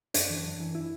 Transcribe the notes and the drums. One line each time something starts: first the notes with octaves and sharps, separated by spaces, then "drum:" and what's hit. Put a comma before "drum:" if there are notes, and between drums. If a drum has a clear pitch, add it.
F#2 D4, drum: hi-hat
E3
F#2
E3
E4